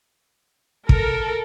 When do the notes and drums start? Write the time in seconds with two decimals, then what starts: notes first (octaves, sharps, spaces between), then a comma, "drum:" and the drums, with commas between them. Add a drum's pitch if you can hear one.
0.89 A4 A#4, drum: kick